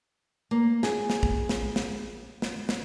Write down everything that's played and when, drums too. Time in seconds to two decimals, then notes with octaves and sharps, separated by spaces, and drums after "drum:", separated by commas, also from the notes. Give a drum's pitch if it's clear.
0.51 A#3
0.83 G#4, drum: snare
1.10 drum: snare
1.23 drum: kick A1
1.49 drum: snare
1.76 drum: snare
2.42 drum: snare
2.69 drum: snare